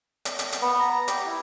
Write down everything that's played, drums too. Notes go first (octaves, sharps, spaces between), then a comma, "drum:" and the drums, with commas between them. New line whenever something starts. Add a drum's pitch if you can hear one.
drum: hi-hat
drum: hi-hat
drum: hi-hat
B3
A#5
G4, drum: hi-hat
E4